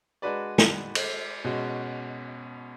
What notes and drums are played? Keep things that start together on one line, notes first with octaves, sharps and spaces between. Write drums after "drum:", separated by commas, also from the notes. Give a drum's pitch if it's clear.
G#3 D4 F#4 B4 D5
drum: snare
drum: cymbal
B2 G#3 C#4 F#4